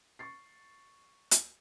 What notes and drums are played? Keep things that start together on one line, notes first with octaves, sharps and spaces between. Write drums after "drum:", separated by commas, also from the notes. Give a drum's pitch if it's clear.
C#6 A6 C7
drum: hi-hat